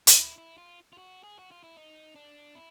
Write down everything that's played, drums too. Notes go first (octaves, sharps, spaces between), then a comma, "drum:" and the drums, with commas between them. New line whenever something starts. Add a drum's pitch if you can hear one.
D#4, drum: hi-hat
E4
E4
F4
F4
F#4
G#4
F#4
F4
E4
D#4
D4
E4